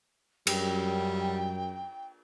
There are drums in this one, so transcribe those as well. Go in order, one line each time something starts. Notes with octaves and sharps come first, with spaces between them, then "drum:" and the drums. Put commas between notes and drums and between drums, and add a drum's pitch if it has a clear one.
F#2 G3 G5, drum: cymbal